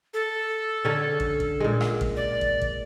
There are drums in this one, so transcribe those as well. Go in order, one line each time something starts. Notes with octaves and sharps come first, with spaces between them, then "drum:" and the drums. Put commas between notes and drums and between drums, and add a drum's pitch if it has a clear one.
A4
D3 C#4
drum: kick
drum: kick
A#2 G#3
drum: rim click
drum: kick
D5
drum: kick
drum: kick